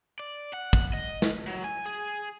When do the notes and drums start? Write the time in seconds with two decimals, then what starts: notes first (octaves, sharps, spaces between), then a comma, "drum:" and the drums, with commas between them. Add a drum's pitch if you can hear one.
0.20 D5
0.53 F#5
0.73 drum: kick
0.93 D#5
1.22 drum: snare
1.48 F#3
1.64 G#5
1.86 G#4